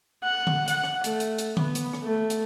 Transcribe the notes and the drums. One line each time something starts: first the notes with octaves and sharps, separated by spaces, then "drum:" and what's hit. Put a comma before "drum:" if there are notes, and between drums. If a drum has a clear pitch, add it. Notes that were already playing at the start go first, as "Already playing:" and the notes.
F#5
drum: tom D3
F#5, drum: hi-hat
drum: rim click
A3, drum: hi-hat
drum: hi-hat
drum: hi-hat
B3, drum: tom D3
drum: hi-hat
drum: rim click
A3
drum: hi-hat